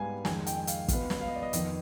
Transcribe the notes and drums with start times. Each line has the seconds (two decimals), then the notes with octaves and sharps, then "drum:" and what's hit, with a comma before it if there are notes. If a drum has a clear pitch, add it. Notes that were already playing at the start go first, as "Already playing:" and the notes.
Already playing: G#2 G3 B3 F5 G#5
0.25 F2 D#3 G#3 G#5, drum: snare
0.47 G5, drum: hi-hat
0.67 F5, drum: hi-hat
0.88 B2 B3 F5, drum: kick, hi-hat
1.10 drum: snare
1.21 F5
1.28 D#5
1.35 D5
1.42 D#5
1.53 F2 D#3 B3, drum: hi-hat